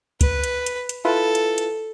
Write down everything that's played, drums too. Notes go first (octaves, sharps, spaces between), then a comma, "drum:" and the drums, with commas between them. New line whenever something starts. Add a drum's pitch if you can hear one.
B4, drum: kick, hi-hat
drum: hi-hat
drum: hi-hat
drum: hi-hat
E4 F4 A4 B4
drum: hi-hat
drum: hi-hat